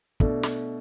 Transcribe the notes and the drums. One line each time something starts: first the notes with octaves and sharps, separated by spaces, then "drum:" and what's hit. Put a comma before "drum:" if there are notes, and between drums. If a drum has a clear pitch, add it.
B2 A3 D4 A4, drum: kick
drum: snare